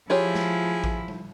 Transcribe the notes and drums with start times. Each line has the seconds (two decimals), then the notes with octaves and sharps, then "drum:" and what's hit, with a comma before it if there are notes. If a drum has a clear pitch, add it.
0.10 F3 E4 F4 G4 G#4 C#5
0.35 drum: snare
0.84 drum: kick A1
1.08 drum: tom G3